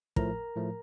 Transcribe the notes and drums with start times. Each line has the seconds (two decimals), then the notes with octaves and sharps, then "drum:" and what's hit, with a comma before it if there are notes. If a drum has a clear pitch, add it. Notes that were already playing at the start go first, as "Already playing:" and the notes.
0.16 A2 F3 A3 A#4 A#5, drum: kick
0.56 A2 F3 A3